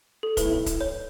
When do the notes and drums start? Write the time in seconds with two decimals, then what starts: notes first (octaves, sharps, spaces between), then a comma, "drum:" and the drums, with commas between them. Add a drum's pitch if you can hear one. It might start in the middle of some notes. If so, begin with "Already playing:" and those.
0.23 A4
0.37 B1 A2 E3 A3 E4 B4, drum: kick C#1, hi-hat
0.66 drum: kick C#1, hi-hat
0.81 C#5